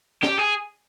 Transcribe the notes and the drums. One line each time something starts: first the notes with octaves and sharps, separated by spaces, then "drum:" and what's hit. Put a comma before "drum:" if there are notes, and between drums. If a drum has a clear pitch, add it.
G4, drum: snare
G#4